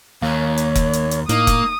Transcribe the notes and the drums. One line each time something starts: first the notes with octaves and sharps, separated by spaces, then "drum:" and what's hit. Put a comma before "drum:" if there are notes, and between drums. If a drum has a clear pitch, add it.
D#2 A#3 C#5
drum: hi-hat
drum: kick F1, hi-hat
drum: hi-hat
drum: hi-hat
A2 A#3 D#4 D#6, drum: hi-hat
drum: kick F1, hi-hat